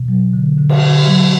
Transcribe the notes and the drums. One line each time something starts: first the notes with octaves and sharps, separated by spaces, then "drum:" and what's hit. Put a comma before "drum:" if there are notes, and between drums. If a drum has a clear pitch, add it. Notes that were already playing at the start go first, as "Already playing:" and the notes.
Already playing: B2
F#3
D3
D3
drum: cymbal
D3
F#3